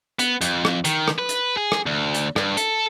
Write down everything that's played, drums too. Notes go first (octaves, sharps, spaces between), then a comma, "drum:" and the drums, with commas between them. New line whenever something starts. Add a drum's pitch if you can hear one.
B3, drum: hi-hat
F2, drum: hi-hat
drum: rim click
D#3, drum: hi-hat
drum: rim click
B4
drum: hi-hat
G#4
drum: rim click
D2
drum: hi-hat
G2, drum: rim click
A4, drum: hi-hat